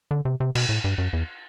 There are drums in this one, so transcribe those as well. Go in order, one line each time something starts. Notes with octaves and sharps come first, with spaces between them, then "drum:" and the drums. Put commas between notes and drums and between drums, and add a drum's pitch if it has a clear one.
D3
C3
C3
B2, drum: cymbal
A2
G2
F#2
E2